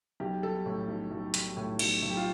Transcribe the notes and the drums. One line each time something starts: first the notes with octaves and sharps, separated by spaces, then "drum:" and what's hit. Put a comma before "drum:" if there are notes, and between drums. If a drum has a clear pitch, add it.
B1 G4
G3 A4
A2
B1
B1
G3, drum: hi-hat
A2
B1, drum: cymbal
B1
G4
F4